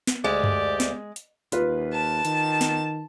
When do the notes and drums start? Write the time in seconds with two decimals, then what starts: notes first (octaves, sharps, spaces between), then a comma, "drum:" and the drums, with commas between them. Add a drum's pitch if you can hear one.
0.07 drum: snare
0.24 D2 G#3 G4 D5
0.44 drum: tom F#2
0.80 drum: snare
1.16 drum: hi-hat
1.52 D#2 F4 B4, drum: hi-hat
1.93 A5
2.25 D#3, drum: hi-hat
2.61 drum: snare